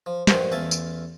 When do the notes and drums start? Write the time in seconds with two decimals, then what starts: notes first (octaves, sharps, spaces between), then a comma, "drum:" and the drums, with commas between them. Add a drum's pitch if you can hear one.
0.06 F3
0.27 A#1 G2 D#3 C5 F#5 D#6, drum: snare
0.52 A1 E2 E5 F5 G#5 A5
0.71 drum: tambourine